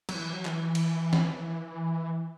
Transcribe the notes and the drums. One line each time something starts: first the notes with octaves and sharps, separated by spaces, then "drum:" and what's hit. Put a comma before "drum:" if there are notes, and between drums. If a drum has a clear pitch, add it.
F#3, drum: cymbal
E3
F#3
E3, drum: clap
drum: cymbal
drum: snare